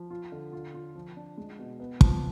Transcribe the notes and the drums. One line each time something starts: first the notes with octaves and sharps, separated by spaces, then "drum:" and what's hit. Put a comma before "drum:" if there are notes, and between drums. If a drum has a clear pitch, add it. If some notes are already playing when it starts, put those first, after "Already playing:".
Already playing: F3
F4
D3
F4
F4
F3
D4
G#3
B2
B3
F3, drum: kick